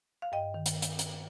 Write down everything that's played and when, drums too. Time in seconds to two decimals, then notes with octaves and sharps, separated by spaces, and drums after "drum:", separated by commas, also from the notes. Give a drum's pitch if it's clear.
0.22 F5
0.32 G2 D#5 G5
0.54 D#3
0.66 drum: hi-hat
0.82 drum: hi-hat
0.99 drum: hi-hat